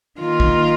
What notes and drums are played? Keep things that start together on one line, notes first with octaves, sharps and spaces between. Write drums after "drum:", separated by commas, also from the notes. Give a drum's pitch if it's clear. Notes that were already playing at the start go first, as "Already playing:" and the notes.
D#3 A#3 F4
drum: kick